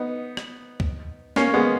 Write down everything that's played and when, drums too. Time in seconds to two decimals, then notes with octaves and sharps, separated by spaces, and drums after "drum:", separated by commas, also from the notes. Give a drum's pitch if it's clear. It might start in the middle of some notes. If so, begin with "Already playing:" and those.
Already playing: B3 D#4
0.37 drum: rim click
0.80 drum: kick D2
1.36 A#3 C#4, drum: snare
1.54 G#3 B3